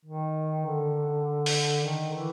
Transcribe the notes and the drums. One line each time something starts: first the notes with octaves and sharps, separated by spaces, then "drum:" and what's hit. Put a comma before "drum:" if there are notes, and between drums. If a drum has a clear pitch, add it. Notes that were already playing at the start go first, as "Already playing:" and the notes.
D#3
D3
drum: open hi-hat
D#3
E3